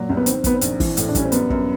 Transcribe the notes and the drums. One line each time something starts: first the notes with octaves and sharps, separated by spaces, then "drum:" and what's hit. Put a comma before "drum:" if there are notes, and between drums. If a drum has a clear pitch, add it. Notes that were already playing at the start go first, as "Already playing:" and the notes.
Already playing: A#2 F#3
C2
B3
D#3 C4, drum: hi-hat
D#3 B3, drum: kick, hi-hat
C4
A#1, drum: hi-hat
E3, drum: kick, open hi-hat
A2, drum: hi-hat
D4
G3 C#4, drum: kick, hi-hat
C4
F#2 B3, drum: hi-hat
F#2, drum: kick